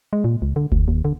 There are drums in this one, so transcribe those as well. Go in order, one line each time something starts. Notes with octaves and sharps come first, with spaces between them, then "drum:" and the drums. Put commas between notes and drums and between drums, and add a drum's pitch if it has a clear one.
G#3
A#2
C#2
D3
D2, drum: kick F1
D#2
D3